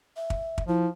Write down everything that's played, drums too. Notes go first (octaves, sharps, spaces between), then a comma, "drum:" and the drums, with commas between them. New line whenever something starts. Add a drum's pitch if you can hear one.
E5
drum: kick
drum: kick
F3 E4